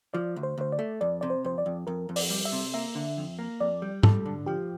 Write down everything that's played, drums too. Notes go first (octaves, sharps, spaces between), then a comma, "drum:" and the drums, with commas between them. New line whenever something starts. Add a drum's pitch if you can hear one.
F3 D5
D2
C5
D2 C5
D5
A3
F2 D5
C3 D5
C5
F2 C5
D5
F2
F2 A#4
F2
D5, drum: open hi-hat
G3
E5
C3
A#3 E5
D3
F2
A#3
F2 D5
G3
G3 A4, drum: tom G#2
D3
F3 G4